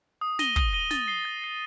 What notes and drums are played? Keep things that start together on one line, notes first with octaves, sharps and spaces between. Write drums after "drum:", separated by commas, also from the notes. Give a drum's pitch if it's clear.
D#6
A#6 D#7 G7, drum: snare
D#6, drum: kick
A#6 D#7 G7
A6, drum: snare
C7 G7
A6
C7 G7